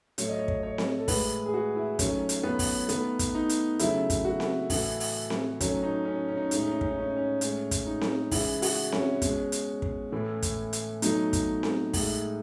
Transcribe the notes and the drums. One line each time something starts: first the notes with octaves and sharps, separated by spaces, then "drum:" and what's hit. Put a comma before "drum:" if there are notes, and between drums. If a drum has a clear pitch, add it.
A2 F#3 A3 C#5, drum: hi-hat
D#5
C#5
drum: kick
C#5
drum: snare C4
A4
A2 E3 G#3 B4, drum: kick, open hi-hat
G#4
F#4
E4
D#3 F#3 A3 C#4, drum: kick, hi-hat
drum: hi-hat
B3
drum: kick, open hi-hat
D#3 A3 B3, drum: hi-hat
drum: kick, hi-hat
D#4
drum: hi-hat
C#3 F#3 A3 E4, drum: hi-hat
drum: kick, hi-hat
F#4
drum: snare C4
A2 E3 A3, drum: kick, open hi-hat
drum: open hi-hat
drum: snare C4
D#3 F#3 A3 C#4, drum: kick, hi-hat
D#4
C#4
C#4
D#4
C#4
A2 G#3 D#4, drum: hi-hat
C#4
D#4
C#4, drum: kick
D#4
C#4
D#4
C#4
A2 G#3 C#4, drum: hi-hat
drum: kick, hi-hat
D#4
drum: snare C4
C#3 E3 G#3 E4, drum: kick, open hi-hat
F#4, drum: open hi-hat
C#4, drum: snare C4
B2 G#3, drum: kick, hi-hat
drum: hi-hat
drum: kick
A2 E3 A3
drum: kick, hi-hat
drum: hi-hat
B2 F#3 A3 D#4, drum: hi-hat
drum: kick, hi-hat
drum: snare C4
A2 G#3, drum: kick, open hi-hat